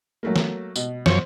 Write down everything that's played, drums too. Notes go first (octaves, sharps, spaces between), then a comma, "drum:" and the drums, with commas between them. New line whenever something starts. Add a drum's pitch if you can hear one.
F#3 A3 A#3
drum: snare
B2, drum: tambourine
F#2 F3 C5 C#5, drum: snare